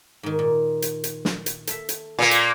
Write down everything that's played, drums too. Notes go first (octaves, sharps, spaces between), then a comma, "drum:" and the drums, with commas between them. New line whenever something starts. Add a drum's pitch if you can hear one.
G#2 D#3
A#2
drum: hi-hat
drum: hi-hat
drum: snare
drum: hi-hat
A4 E5, drum: hi-hat
drum: hi-hat
A#2 A#3
drum: hi-hat